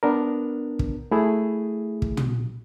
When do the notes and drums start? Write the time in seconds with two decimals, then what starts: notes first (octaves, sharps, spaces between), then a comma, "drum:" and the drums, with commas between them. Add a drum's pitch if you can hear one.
0.03 B3 D4 A#4
0.79 drum: kick
1.11 A3 E4 G#4
2.02 drum: kick
2.17 drum: tom